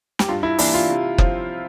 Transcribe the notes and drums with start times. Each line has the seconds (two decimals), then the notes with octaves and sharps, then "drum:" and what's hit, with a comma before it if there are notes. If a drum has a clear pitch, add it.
0.19 G4, drum: snare
0.28 G2 F4
0.43 E4
0.58 E3 A#3 D4 E4, drum: open hi-hat
0.74 F4
0.89 C3
1.18 F3 C4 F4, drum: kick F#1